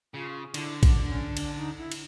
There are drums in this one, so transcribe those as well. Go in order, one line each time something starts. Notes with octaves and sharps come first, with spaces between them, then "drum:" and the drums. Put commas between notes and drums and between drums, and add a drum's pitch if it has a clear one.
C#3 F4
D3 E4, drum: cymbal
D4, drum: kick, cymbal
C#4
D4, drum: cymbal
D#4
E4
drum: cymbal